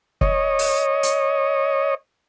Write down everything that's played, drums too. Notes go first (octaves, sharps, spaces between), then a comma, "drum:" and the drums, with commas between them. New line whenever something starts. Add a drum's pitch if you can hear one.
C#5 D#5, drum: kick
drum: open hi-hat
drum: hi-hat